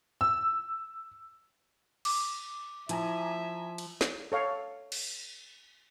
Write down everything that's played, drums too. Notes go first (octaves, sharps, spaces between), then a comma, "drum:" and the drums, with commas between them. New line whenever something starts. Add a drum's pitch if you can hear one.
E6
D6, drum: cymbal
F3 E4 E5 G#5 A#5, drum: hi-hat
drum: cymbal
drum: snare
A4 C#5 F5
drum: cymbal